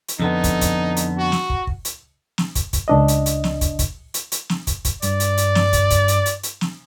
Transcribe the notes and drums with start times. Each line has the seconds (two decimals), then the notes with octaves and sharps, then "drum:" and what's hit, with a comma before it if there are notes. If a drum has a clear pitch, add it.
0.09 drum: hi-hat
0.20 F2 D3 B3 D#4
0.44 drum: kick, hi-hat
0.61 drum: kick, hi-hat
0.97 drum: hi-hat
1.18 F#4
1.32 drum: snare
1.50 drum: kick
1.67 drum: kick
1.85 drum: hi-hat
2.38 drum: snare
2.55 drum: kick, hi-hat
2.73 drum: kick, hi-hat
2.88 C#2 D4 D#5
3.08 drum: hi-hat
3.26 drum: hi-hat
3.44 drum: snare
3.61 drum: kick, hi-hat
3.79 drum: kick, hi-hat
4.14 drum: hi-hat
4.32 drum: hi-hat
4.49 drum: snare
4.67 drum: kick, hi-hat
4.85 drum: kick, hi-hat
5.02 G2 D5, drum: hi-hat
5.20 drum: hi-hat
5.38 drum: hi-hat
5.55 drum: snare
5.73 drum: kick, hi-hat
5.91 drum: kick, hi-hat
6.08 drum: hi-hat
6.26 drum: hi-hat
6.43 drum: hi-hat
6.61 drum: snare